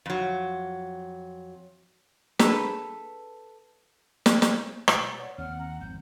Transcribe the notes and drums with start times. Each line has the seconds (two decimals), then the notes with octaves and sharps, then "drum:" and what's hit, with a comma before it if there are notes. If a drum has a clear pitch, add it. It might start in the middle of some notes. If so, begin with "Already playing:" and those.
0.06 F2 F#3
2.39 D4 G#4 A4 B4, drum: snare
4.26 drum: snare
4.42 drum: snare
4.88 B2 B4 D5, drum: rim click
5.18 C#5 F#5
5.38 D#2 D#3 C4 F#5 F6
5.59 C4 A#5
5.81 G#1 F2 G6